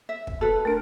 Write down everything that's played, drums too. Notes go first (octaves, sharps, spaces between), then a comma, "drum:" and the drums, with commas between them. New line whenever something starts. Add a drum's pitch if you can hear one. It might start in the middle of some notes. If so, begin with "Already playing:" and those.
E5
drum: kick
F#4 A4 B4
A3 D4 A#4